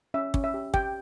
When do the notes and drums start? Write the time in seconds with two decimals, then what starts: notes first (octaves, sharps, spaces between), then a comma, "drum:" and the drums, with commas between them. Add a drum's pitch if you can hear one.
0.14 C#4 E5
0.34 C#4, drum: kick
0.44 E5
0.54 G4
0.74 G4 G5, drum: kick